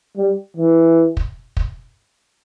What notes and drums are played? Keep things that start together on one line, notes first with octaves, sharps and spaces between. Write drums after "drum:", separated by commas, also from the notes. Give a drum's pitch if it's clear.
G3
E3
drum: kick
drum: kick